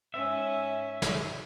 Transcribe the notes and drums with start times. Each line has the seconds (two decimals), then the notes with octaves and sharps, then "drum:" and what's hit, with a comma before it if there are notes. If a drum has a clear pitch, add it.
0.14 G#2 C#4 E5
1.02 drum: snare